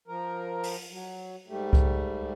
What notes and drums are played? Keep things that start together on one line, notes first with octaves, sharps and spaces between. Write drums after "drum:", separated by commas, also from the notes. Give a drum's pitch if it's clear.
F3 A#4
drum: open hi-hat
F#3
G#2 G3 A3
drum: kick C2